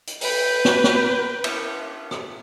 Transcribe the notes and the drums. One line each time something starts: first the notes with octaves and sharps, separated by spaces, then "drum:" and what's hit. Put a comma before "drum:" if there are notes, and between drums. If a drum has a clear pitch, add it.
drum: hi-hat
B4 G5, drum: open hi-hat
drum: snare
drum: snare
drum: cymbal
drum: rim click